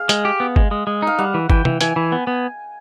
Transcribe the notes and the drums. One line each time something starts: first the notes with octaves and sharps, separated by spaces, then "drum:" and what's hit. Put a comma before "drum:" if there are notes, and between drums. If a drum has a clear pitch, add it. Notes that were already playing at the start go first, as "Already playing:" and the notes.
Already playing: G#4 F5
G#3, drum: hi-hat
G4
B3
G#3, drum: kick
G#3
G#3
D#4 F5
G3 F#5
E3
E3 G5, drum: kick
E3, drum: tom C3
E3 G#5, drum: hi-hat
E3
B3
B3